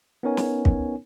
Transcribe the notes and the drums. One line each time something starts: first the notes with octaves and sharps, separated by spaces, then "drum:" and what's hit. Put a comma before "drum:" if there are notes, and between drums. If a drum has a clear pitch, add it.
B3 C#4 D#4 A#4 C#5 G#5
drum: snare
drum: kick